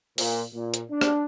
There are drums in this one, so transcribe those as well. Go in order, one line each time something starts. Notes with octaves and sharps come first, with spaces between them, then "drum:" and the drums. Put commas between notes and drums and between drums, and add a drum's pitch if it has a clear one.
A#2, drum: open hi-hat
A#2
drum: hi-hat
D4
drum: rim click